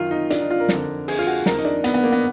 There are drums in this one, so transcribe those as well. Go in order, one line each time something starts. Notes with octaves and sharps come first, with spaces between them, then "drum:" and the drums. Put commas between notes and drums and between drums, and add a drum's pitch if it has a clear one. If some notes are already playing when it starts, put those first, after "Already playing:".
Already playing: F#2 D#3 F4
D#4
D4, drum: hi-hat
D#4
F4
A#4
F2 D3, drum: snare
G#4, drum: open hi-hat
F4
F#4
F2 D#3 A#4, drum: snare
D#4
D4
B3, drum: hi-hat
B3
A#3
B3